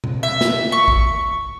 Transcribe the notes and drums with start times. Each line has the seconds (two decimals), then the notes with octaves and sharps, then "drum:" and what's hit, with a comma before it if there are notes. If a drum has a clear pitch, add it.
0.04 drum: tom B2
0.23 E5
0.41 drum: snare
0.72 C#6
0.88 drum: kick A#1